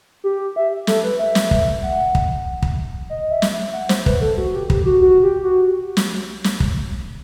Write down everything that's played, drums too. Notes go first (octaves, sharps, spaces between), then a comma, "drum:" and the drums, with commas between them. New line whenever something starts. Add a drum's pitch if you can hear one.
G4
E5
A4, drum: snare
B4
E5
drum: snare
drum: kick
F#5
drum: kick
drum: kick
D#5
E5
drum: snare
E5
F#5
C5, drum: snare
B4, drum: kick
A4
F#4
G4
G4, drum: kick
F#4
F#4
G4
F#4
drum: snare
drum: snare
drum: kick